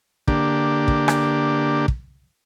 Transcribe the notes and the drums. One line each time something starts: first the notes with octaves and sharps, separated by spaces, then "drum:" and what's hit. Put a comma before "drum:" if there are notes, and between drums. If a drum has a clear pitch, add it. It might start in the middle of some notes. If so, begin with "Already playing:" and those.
D3 A#3 D4 G4, drum: kick
drum: kick
drum: rim click
drum: kick